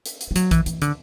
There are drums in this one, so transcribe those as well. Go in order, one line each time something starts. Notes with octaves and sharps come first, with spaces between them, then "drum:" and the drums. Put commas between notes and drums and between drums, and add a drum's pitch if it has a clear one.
drum: hi-hat
drum: hi-hat
G3
F#3, drum: hi-hat
E3, drum: kick A#1, hi-hat
E3, drum: hi-hat
D3, drum: hi-hat